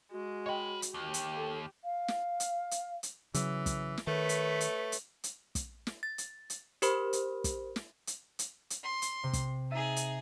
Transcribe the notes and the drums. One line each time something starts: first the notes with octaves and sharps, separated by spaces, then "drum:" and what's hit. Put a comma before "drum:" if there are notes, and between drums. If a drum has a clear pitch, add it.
G#3 F#4
C#5 D#5 G5 B5
drum: hi-hat
D#2 G4
drum: hi-hat
A4
F5
drum: snare
drum: hi-hat
drum: hi-hat
drum: hi-hat
C#3 E3 F#3, drum: hi-hat
drum: kick, hi-hat
drum: snare
D#3 A3 B4 C#5
drum: hi-hat
drum: hi-hat
drum: hi-hat
drum: hi-hat
drum: kick, hi-hat
drum: snare
A6
drum: hi-hat
drum: hi-hat
G4 A#4 C5 B5, drum: hi-hat
drum: hi-hat
drum: kick, hi-hat
drum: snare
drum: hi-hat
drum: hi-hat
drum: hi-hat
C6
drum: hi-hat
C3
drum: kick, hi-hat
D#4 G#4 E5 A6 D#7
drum: hi-hat